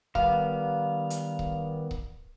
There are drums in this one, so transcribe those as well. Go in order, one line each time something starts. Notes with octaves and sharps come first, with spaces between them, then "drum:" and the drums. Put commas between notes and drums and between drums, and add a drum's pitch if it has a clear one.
D#3 G3 B3 F5, drum: kick C#1
drum: hi-hat
drum: kick C#1
drum: kick C#1